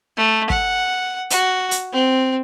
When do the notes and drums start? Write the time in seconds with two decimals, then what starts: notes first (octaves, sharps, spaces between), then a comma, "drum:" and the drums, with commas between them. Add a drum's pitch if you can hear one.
0.17 A3
0.50 F#5, drum: kick
1.30 F#4, drum: hi-hat
1.71 drum: hi-hat
1.93 C4